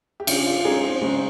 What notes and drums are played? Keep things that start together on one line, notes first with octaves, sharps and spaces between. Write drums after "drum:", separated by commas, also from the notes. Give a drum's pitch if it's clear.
G4
C#3 F4, drum: cymbal
F4
G#3 C#4 D#4 G#4 C#5
C4
C#3 G#3